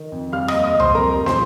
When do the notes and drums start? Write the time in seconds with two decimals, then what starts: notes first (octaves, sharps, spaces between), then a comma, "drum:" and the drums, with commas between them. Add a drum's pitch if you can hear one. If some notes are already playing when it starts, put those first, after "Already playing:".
Already playing: D#3
0.12 F2
0.32 G3 F5 F6
0.48 D#2 D#5 D#6, drum: rim click
0.64 D#5 D#6
0.74 G3
0.80 C5 C6, drum: tom C2
0.95 F2 A#4 A#5
1.16 G3
1.26 C5 C6, drum: snare